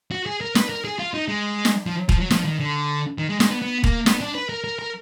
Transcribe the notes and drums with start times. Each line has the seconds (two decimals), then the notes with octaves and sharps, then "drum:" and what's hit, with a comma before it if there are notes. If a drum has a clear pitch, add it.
0.11 F#4
0.26 G#4
0.41 A#4
0.55 B4, drum: snare
0.69 A#4
0.85 G#4
0.99 F4
1.14 D#4
1.28 G#3
1.65 drum: snare
1.86 F3
2.09 F3, drum: kick E1
2.20 F#3
2.30 F3, drum: snare
2.45 D#3
2.60 D3
3.18 D#3
3.29 G#3
3.40 G#3, drum: snare
3.51 B3
3.62 B3
3.84 A#3, drum: kick E1
4.06 B3, drum: snare
4.21 D4
4.35 B4
4.49 A#4
4.64 A#4
4.79 A#4